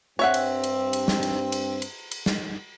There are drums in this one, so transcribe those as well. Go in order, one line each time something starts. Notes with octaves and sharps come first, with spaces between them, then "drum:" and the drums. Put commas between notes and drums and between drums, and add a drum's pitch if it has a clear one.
G2 C4 C#5 E5 F#5
drum: cymbal
drum: cymbal
drum: cymbal
drum: snare
drum: cymbal
drum: cymbal
drum: cymbal
drum: cymbal
drum: snare